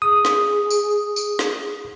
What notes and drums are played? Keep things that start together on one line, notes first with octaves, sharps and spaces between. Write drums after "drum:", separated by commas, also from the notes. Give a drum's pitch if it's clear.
G#4 D#6
drum: snare
drum: tambourine
drum: tambourine
drum: snare